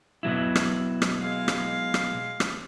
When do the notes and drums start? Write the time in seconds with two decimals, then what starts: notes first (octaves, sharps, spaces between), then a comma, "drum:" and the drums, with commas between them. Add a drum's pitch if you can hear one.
0.23 B2 F#3 E4
0.55 drum: rim click
1.02 drum: rim click
1.17 G#3 F5
1.48 drum: rim click
1.94 drum: rim click
2.40 drum: rim click